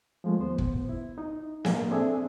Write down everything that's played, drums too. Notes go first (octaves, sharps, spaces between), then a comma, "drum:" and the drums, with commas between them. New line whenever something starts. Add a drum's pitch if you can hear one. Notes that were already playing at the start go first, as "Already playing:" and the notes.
F3 G#3 A3
D#2 B3 C5
drum: kick
E4
D#4
A#3 D4 G#4, drum: snare
C4 D4 G#4 A4 E5 G#5